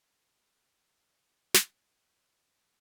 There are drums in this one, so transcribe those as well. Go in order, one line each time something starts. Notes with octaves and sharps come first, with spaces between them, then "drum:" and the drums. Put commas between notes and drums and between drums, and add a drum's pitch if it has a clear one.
E4 F#4 G#4
A5 C6 C#6
drum: snare